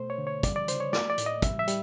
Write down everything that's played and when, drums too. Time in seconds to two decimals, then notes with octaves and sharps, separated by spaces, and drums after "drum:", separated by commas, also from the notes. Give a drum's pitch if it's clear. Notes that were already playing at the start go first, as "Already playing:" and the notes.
Already playing: B2 A3 C5
0.10 C#5
0.18 D3
0.27 C#5
0.43 G3 D5, drum: kick, hi-hat
0.56 D5
0.68 C#3 C5, drum: hi-hat
0.80 C#5
0.93 A3 D5, drum: snare
1.10 D5
1.18 A2, drum: hi-hat
1.26 D#5
1.42 G3 E5, drum: kick, hi-hat
1.59 E5
1.68 G3, drum: hi-hat